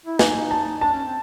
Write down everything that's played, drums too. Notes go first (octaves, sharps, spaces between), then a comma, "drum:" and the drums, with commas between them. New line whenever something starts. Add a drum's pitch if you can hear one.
E4
D#4 G#5, drum: snare
D#4
A5
D4 A5
C#4
C4